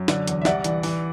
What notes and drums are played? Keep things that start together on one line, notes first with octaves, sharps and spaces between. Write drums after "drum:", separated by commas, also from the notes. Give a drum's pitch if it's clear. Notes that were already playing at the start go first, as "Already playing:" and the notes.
Already playing: F#2
D3, drum: snare
E2, drum: hi-hat
E5
C2 D5 F#5, drum: snare
E3, drum: hi-hat
E3, drum: open hi-hat